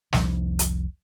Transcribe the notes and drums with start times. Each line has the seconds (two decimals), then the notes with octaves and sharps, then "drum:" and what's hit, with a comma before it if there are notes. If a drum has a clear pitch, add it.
0.13 F1 C2 F3, drum: snare
0.59 drum: hi-hat